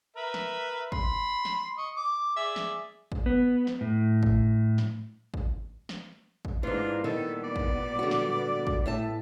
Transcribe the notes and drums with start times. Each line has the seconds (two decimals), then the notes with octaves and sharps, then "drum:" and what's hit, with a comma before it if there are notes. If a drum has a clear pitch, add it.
0.16 A#4 B4 E5
0.34 drum: snare
0.92 B5 C6, drum: kick
1.45 drum: snare
1.77 D#5 C#6
1.97 D6
2.37 G#4 D5 E5
2.56 drum: snare
3.12 drum: kick
3.26 B3
3.67 drum: snare
3.81 A2
4.23 drum: kick
4.78 drum: snare
5.34 drum: kick
5.89 drum: snare
6.45 drum: kick
6.63 G#2 E3 A#3 D4 F4
7.04 A#2 D#3 G3 B3 A4
7.44 D5
7.56 drum: kick
7.99 D3 F#4
8.11 drum: snare
8.67 drum: kick
8.86 A2 E5 A5